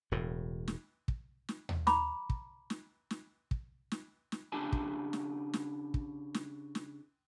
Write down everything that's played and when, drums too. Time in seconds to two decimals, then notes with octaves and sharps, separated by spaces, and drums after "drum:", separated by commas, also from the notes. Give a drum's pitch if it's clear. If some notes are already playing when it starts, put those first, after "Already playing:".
0.11 E1 A2
0.68 drum: snare
1.08 drum: kick
1.49 drum: snare
1.69 drum: tom D#2
1.87 A#5 B5 D6, drum: snare
2.30 drum: kick
2.70 drum: snare
3.11 drum: snare
3.51 drum: kick
3.92 drum: snare
4.32 drum: snare
4.52 C#3 D4 E4 G4 G#5 A5
4.72 drum: kick
5.13 drum: snare
5.53 drum: snare
5.94 drum: kick
6.34 drum: snare
6.75 drum: snare